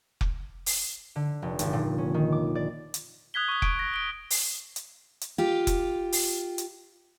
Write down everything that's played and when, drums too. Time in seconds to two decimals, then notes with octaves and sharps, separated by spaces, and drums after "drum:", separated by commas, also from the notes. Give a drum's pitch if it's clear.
0.21 drum: kick F1
0.66 drum: open hi-hat
1.16 D3
1.42 F1
1.59 G#1, drum: hi-hat
1.73 A#2
1.98 C#4
2.14 D#3
2.32 D6
2.55 D5
2.94 drum: hi-hat
3.34 D#6 F#6 G#6 B6 G7
3.48 C#6 D#6
3.62 C#6 D7, drum: kick F1
3.79 A#6
3.94 D7 G7
4.30 drum: open hi-hat
4.76 drum: hi-hat
5.21 drum: hi-hat
5.38 F4 G4
5.67 drum: kick F1, hi-hat
6.12 drum: open hi-hat
6.58 drum: hi-hat